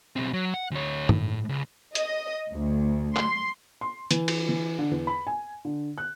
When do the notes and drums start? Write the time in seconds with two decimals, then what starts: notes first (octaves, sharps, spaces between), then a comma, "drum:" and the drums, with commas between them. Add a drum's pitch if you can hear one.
0.16 B1 C4
0.33 F#3
0.54 F#5
0.71 D2 C#5
1.09 A2, drum: tom
1.49 C#2
1.95 D#5, drum: hi-hat
2.52 D2
3.16 C6, drum: clap
3.81 C6
4.11 E3, drum: hi-hat
4.28 drum: cymbal
4.49 E3
4.79 D3
4.91 E2
5.07 B5
5.27 G#5
5.65 D3
5.98 F#6